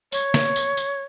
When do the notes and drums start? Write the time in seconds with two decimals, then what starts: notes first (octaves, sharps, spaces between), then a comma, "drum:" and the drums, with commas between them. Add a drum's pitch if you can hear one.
0.12 C#5, drum: tambourine
0.34 drum: snare
0.56 drum: tambourine
0.77 drum: tambourine